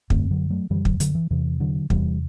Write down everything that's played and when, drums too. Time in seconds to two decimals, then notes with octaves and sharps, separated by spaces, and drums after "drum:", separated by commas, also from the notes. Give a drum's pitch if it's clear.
0.10 F#2 D3 A3 C4, drum: kick
0.31 D3 F#3
0.50 F#3 A3
0.70 F#2 D3 E3 G3
0.85 D3 F#3, drum: kick
1.00 D3 F#3, drum: hi-hat
1.15 E3
1.31 E2 C3 E3
1.60 D3 F#3
1.90 E2 C3 E3 G3, drum: kick